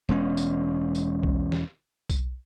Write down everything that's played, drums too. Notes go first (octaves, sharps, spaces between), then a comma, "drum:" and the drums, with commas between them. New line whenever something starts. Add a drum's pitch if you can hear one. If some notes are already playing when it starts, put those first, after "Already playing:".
E1 G#3 C#4
drum: tambourine
drum: tambourine
drum: kick B1
drum: snare
drum: kick B1, tambourine